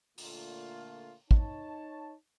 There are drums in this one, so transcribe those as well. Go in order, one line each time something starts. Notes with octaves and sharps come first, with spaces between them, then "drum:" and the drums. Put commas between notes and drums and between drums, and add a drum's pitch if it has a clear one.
A#2 D3 A3 A#3 F4, drum: open hi-hat
D#4 C#5 A5, drum: kick